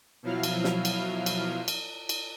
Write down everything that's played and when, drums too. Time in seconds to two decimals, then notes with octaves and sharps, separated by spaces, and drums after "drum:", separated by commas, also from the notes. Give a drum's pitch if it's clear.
0.23 B2 F3 F#3 E4 F5 F6
0.43 drum: cymbal
0.64 drum: snare
0.85 drum: cymbal
1.26 drum: cymbal
1.68 drum: cymbal
2.09 drum: cymbal